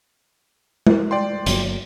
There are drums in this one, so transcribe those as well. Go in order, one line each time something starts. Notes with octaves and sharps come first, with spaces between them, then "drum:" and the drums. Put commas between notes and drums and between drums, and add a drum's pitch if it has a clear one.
drum: tom G#3
D5 G5 C6
G1 F#3 A#3, drum: hi-hat